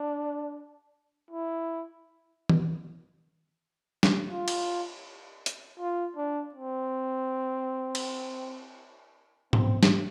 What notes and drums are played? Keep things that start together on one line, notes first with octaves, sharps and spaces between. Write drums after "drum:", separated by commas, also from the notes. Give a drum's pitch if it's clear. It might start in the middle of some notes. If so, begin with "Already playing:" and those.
Already playing: D4
E4
drum: tom
drum: snare
F4
drum: cymbal
drum: hi-hat
F4
D4
C4
drum: cymbal
C4, drum: tom G#2
drum: snare